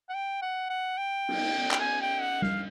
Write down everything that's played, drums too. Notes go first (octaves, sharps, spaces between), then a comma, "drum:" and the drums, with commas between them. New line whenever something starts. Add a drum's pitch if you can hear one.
F#5
G5
F#5
F#5
G5
drum: cymbal
G5, drum: clap
G#5
G5
F#5
F5, drum: tom G3